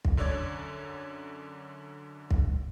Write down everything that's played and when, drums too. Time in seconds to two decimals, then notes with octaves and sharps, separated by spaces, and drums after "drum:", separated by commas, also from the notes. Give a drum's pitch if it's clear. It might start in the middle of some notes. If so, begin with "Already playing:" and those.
0.05 drum: kick
0.17 F#2 D3 C#5 D5 E6 G#6
2.31 drum: kick